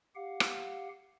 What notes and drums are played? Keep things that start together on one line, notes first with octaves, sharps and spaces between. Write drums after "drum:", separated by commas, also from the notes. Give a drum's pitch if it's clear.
G4 F5 F#5
drum: rim click